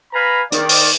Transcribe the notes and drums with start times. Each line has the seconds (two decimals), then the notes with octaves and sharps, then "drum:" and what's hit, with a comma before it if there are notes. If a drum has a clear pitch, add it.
0.14 B4 F5 G#5 A#5 B5
0.52 D#3 D5, drum: hi-hat
0.69 drum: open hi-hat